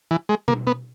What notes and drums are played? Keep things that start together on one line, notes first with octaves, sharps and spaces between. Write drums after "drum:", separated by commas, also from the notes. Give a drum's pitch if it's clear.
E3
G#3
A#3, drum: tom B2
B3